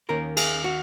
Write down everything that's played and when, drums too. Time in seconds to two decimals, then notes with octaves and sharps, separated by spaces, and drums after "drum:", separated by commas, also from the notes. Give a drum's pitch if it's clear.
0.09 D#2 D#3 A#3 C#4 A#4
0.37 G#4, drum: cymbal
0.64 F#4